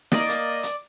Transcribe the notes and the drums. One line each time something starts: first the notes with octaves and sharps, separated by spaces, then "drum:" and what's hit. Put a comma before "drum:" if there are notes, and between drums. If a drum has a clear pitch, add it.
A#3 D5 D#5, drum: snare
drum: hi-hat
drum: hi-hat